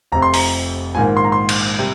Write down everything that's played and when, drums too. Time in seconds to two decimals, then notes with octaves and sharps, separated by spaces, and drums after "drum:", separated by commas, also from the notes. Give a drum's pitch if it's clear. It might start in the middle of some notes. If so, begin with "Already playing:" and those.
0.12 F1 F2 C3 A#5
0.22 C6
0.34 A#5, drum: open hi-hat
0.95 A#1 G#2 D#3 A#3 G#5
1.17 C6
1.25 A#5
1.32 C6
1.49 drum: cymbal
1.79 C3 G3 C4